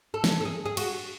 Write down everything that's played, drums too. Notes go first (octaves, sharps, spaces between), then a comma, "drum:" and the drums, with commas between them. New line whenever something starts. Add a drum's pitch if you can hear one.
A4
drum: snare
A4
G#4
G#4
F#4, drum: cymbal